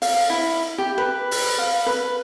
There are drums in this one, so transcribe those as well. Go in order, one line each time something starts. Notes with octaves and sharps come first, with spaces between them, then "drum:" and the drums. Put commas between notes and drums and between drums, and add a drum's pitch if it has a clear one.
F5, drum: open hi-hat
E4
G4
B4
drum: open hi-hat
F5
B4